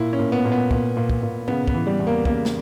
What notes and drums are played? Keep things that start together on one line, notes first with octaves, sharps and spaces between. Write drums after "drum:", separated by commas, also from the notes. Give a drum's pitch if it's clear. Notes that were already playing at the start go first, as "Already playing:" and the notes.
Already playing: A#2 E4
C#4
A#2
B3
A#2
B3
A#2, drum: kick
A#2
drum: kick
A#2
C#3 B3, drum: tom G#2
B3, drum: kick
E3
G3
E2
A#3
C#3 A#3, drum: kick
drum: snare